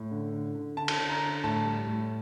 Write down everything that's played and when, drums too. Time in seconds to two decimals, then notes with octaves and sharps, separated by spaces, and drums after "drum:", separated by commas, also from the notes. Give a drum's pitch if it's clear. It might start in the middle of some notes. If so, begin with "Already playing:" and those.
Already playing: A2
0.11 D3
0.33 D3
0.55 D3
0.77 D3 A5
0.88 drum: cymbal
0.98 D3
1.09 A#5
1.21 D3
1.44 A2 A5
1.65 G3
1.87 A2